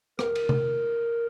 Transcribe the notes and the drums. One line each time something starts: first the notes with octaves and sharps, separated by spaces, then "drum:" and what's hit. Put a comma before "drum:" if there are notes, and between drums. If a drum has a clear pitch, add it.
A#4, drum: rim click
drum: cymbal
drum: tom C3